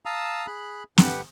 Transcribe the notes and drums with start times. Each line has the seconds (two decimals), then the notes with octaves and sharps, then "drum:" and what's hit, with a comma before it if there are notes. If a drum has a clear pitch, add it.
0.06 F5 A5 A#5 D#6 E6
0.47 G#4 B5 F#6
0.98 G2 D3 G4 B4 F#5, drum: snare